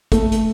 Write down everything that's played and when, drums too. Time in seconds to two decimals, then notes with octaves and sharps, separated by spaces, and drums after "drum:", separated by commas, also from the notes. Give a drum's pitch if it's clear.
0.12 A3, drum: kick, hi-hat
0.32 drum: hi-hat